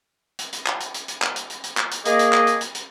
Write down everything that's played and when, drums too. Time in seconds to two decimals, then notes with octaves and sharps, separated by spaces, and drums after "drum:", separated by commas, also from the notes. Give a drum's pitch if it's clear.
0.39 drum: hi-hat
0.52 drum: hi-hat
0.66 drum: clap
0.80 drum: hi-hat
0.94 drum: hi-hat
1.08 drum: hi-hat
1.22 drum: clap
1.36 drum: hi-hat
1.50 drum: hi-hat
1.64 drum: hi-hat
1.77 drum: clap
1.91 drum: hi-hat
2.05 A#3 G#4 D#5, drum: hi-hat
2.19 drum: hi-hat
2.33 drum: clap
2.47 drum: hi-hat
2.61 drum: hi-hat
2.75 drum: hi-hat